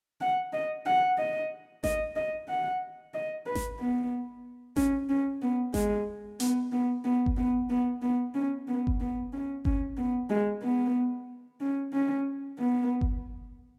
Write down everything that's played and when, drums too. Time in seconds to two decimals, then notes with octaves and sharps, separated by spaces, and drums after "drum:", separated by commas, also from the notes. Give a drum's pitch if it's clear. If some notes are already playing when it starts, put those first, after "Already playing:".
0.21 F#5
0.53 D#5
0.86 F#5
1.18 D#5
1.84 D#5, drum: snare G#1
2.16 D#5
2.49 F#5
3.14 D#5
3.46 B4
3.55 drum: snare G#1
3.79 B3
4.76 C#4, drum: snare G#1
5.09 C#4
5.42 B3
5.74 G#3, drum: snare G#1
6.40 B3, drum: hi-hat
6.72 B3
7.05 B3
7.26 drum: kick G1
7.37 B3
7.70 B3
8.02 B3
8.35 C#4
8.68 B3
8.87 drum: kick G1
9.00 B3
9.33 C#4
9.65 C#4, drum: kick G1
9.98 B3
10.30 G#3
10.63 B3
11.60 C#4
11.93 C#4
12.59 B3
13.01 drum: kick G1